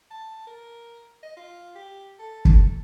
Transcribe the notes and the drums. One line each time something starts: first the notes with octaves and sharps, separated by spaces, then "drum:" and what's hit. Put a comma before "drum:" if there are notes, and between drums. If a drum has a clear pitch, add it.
A5
A#4
D#5
F4
G4
A4
drum: kick